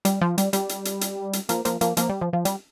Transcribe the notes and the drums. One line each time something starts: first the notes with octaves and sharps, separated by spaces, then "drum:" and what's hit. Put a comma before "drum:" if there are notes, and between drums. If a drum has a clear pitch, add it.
G3, drum: hi-hat
F3
G3, drum: hi-hat
G3, drum: hi-hat
drum: hi-hat
drum: hi-hat
drum: hi-hat
drum: hi-hat
F3 A#3, drum: hi-hat
F3 A#3, drum: hi-hat
F3 A#3, drum: hi-hat
F3 A#3, drum: hi-hat
G3
F3
F3
G3, drum: hi-hat